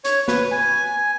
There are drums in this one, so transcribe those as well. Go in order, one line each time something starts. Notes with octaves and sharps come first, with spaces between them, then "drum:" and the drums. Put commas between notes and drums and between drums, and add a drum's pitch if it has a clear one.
C#5, drum: hi-hat
B4, drum: snare
G#5